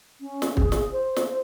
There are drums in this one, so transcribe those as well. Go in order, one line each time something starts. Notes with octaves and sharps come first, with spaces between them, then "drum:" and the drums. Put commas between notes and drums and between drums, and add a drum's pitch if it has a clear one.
C#4
drum: snare
G#4, drum: kick
G#4, drum: snare
C5
drum: snare
C5